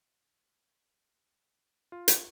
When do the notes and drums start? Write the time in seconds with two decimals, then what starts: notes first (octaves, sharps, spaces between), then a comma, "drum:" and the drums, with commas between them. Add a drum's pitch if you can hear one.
1.92 F4
2.08 drum: hi-hat